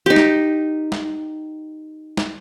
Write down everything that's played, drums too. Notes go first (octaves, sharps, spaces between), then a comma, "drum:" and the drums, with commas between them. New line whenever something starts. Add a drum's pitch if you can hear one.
D#4 G4
drum: snare
drum: snare
drum: snare